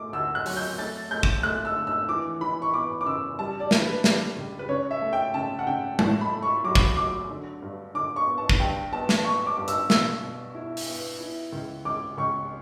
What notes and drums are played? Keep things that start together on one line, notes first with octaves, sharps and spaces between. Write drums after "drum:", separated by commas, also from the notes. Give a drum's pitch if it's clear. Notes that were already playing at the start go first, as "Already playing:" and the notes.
Already playing: A3 D6
D2 E6
F#6
F#3, drum: open hi-hat
G6
A3 A6
A3 G6
drum: kick
A3 F#6
E6
D3
E6
E3 D6
E3 B5
C#6
B3 D6
D6
C#3 E6
G3 A5
D5
D4, drum: snare
B4
G3, drum: snare
C#2
B4
C#3 C#5
E5
A3
G5
C#3 A5
F#5
C#3 G5
A2 A5, drum: tom G#3
B5
A3
C#6
F#3 D6
drum: kick
F#3 D6
D3
G2
D3 D6
C#6
B3
A5
drum: kick
G2 G5
B3 A5
drum: snare
B3 C#6
D6
G2
E6, drum: hi-hat
B2 E6, drum: snare
B2
E4
drum: open hi-hat
B3
E4
C#2
C#2 D6
C#2 C#6